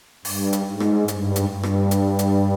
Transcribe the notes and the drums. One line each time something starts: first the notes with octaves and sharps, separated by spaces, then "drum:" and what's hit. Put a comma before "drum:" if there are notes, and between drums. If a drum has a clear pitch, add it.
G2, drum: open hi-hat
drum: hi-hat
G#2
drum: rim click
G2, drum: hi-hat
drum: hi-hat
G2
drum: rim click
drum: hi-hat
drum: hi-hat